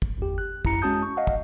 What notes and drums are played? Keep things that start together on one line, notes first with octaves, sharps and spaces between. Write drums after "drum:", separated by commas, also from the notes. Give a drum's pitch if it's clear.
drum: kick
G1 E2 G4
F#6
F#2 E4 A#5 C#7, drum: kick
G#3 C#4 F#4 A5 D#6 G6
C#6
D#5 F5 F#5
drum: kick